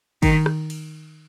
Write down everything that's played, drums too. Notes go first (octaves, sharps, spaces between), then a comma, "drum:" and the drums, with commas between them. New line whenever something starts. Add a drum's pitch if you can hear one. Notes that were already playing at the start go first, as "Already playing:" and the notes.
D#3, drum: kick, cymbal
drum: rim click
drum: cymbal